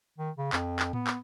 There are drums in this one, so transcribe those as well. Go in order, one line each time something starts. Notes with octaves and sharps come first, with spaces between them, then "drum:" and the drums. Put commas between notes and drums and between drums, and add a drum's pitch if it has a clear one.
D#3
C#3
F2, drum: clap
drum: clap
B3, drum: tom A2
drum: clap